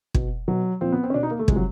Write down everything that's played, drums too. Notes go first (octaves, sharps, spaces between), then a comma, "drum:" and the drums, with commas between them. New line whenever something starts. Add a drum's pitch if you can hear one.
B2, drum: kick
B2 F#3
A#2 F3 C4
B3
C4
C#4
B2 D4
D#4
A#3
A3
C3 F3 G#3, drum: kick
F#3